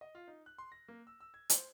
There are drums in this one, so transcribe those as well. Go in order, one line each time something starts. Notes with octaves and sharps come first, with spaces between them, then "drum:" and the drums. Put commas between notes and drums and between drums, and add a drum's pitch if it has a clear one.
D#5
F4
D#4
F#6
C6
A#6
A#3
E6
E6
G#6
C5, drum: hi-hat